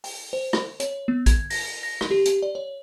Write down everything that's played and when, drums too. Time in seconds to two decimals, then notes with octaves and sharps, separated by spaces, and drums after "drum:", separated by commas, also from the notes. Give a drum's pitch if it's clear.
0.04 G5, drum: open hi-hat
0.33 C5
0.53 drum: rim click
0.80 C#5, drum: hi-hat
1.08 B3
1.26 G#6, drum: kick, hi-hat
1.50 A#6, drum: open hi-hat
1.83 A#6
2.01 drum: rim click
2.11 G4
2.26 drum: hi-hat
2.42 D5
2.55 C#5